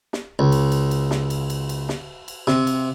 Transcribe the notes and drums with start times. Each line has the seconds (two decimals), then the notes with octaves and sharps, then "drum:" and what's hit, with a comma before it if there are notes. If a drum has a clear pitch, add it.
0.13 drum: snare
0.39 C#2
0.52 drum: cymbal
0.72 drum: cymbal
0.91 drum: cymbal
1.11 drum: snare
1.30 drum: cymbal
1.50 drum: cymbal
1.69 drum: cymbal
1.89 drum: snare
2.28 drum: cymbal
2.47 C3, drum: snare
2.67 drum: cymbal